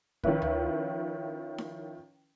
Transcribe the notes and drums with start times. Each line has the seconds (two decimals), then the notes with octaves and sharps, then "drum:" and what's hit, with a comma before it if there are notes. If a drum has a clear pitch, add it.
0.23 D#3 F3 C#4 E4 B4, drum: kick
0.42 drum: tom D2
1.58 drum: snare D#4